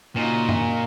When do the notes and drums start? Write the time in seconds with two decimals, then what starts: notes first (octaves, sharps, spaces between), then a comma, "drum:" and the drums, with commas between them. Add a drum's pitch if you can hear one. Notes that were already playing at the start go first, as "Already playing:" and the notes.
0.16 A#2 C#3 D#4 F#4
0.49 drum: tom F#2